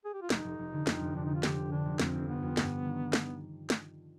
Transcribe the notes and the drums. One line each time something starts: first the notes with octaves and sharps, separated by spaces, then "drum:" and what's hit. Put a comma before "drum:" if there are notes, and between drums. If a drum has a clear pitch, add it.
G#4
G4
F4
F1 D#4, drum: snare
F1
F1
D3
F2, drum: snare
F1
F1 D4
D3 D#4
F4
D3 G4, drum: snare
D3
D3 D4
F1
F2 C4, drum: snare
F1
F1 B3
F2
G2, drum: snare
D4
D#3
drum: snare
drum: snare